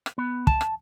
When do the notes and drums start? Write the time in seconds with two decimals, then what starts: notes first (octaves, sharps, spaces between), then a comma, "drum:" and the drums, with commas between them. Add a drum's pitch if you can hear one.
0.06 drum: rim click
0.18 B3
0.47 A5, drum: kick
0.61 drum: rim click